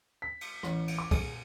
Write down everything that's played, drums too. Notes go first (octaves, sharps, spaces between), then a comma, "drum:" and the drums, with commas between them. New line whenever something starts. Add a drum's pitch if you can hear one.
B6
drum: cymbal
A1, drum: rim click
drum: cymbal
D6
G#4, drum: kick, cymbal